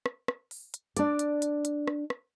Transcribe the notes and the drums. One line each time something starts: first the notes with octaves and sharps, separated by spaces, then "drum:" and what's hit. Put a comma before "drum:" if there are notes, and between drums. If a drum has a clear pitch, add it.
drum: rim click
drum: rim click
drum: open hi-hat
drum: hi-hat
D4 D5, drum: hi-hat
drum: hi-hat
drum: hi-hat
drum: hi-hat
drum: rim click
drum: rim click